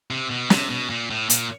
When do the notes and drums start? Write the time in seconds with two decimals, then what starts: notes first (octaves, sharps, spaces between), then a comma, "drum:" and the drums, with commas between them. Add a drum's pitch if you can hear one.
0.11 C3
0.30 B2
0.50 C3, drum: snare
0.70 B2
0.90 A#2
1.10 A2
1.30 A#2, drum: hi-hat